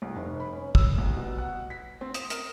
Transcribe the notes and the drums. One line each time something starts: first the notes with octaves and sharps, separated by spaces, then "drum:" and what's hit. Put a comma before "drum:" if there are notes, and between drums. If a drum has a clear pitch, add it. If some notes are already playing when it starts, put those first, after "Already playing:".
C2
F1
B5
C#4
E6, drum: kick
C2
B2
F#5
B6
C4
D#6, drum: hi-hat
A#4, drum: hi-hat